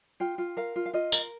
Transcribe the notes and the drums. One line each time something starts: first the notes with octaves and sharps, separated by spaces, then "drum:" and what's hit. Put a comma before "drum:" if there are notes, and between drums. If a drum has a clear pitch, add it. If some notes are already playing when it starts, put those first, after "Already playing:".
F4 G5
F4
A#4 F5
F4
F5
F4 D#5
A#4, drum: tambourine